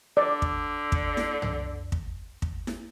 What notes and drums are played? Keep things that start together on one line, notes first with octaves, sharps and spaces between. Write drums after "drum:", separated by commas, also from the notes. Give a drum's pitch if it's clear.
D3 D5
drum: kick
drum: kick
drum: snare E4
drum: tom
drum: kick
drum: kick
drum: snare E4